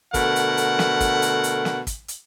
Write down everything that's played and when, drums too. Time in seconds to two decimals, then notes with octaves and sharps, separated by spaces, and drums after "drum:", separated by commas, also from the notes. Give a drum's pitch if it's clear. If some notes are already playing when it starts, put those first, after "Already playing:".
0.14 B2 D3 A3 A#4 F#5, drum: kick, hi-hat
0.36 drum: hi-hat
0.57 drum: hi-hat
0.79 drum: snare
1.00 drum: kick, hi-hat
1.22 drum: hi-hat
1.44 drum: hi-hat
1.65 drum: snare
1.87 drum: kick, hi-hat
2.08 drum: hi-hat